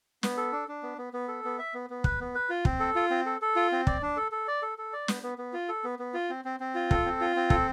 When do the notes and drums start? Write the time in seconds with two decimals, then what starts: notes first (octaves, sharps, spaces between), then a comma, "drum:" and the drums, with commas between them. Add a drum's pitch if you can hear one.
0.23 B3, drum: snare
0.37 A4
0.52 D4
0.68 D4
0.83 B3
0.98 B3
1.13 B3
1.28 A4
1.44 B3
1.59 E5
1.74 B3
1.90 B3
2.04 B4, drum: kick
2.20 B3
2.35 B4
2.50 F4
2.65 C4, drum: kick
2.80 A4
2.95 F4
3.10 C4
3.26 A4
3.42 A4
3.56 F4
3.72 C4
3.87 D5, drum: kick
4.02 D4
4.17 A4
4.32 A4
4.48 D5
4.62 A4
4.78 A4
4.93 D5
5.08 B3, drum: snare
5.23 B3
5.38 B3
5.53 F4
5.68 A4
5.84 B3
5.99 B3
6.14 F4
6.30 C4
6.45 C4
6.60 C4
6.75 F4
6.91 A4, drum: kick
7.06 C4
7.21 F4
7.36 C4
7.50 A4, drum: kick